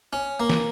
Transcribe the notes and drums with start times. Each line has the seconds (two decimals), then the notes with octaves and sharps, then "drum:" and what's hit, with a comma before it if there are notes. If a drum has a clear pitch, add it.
0.13 C#4
0.40 A#3
0.49 drum: snare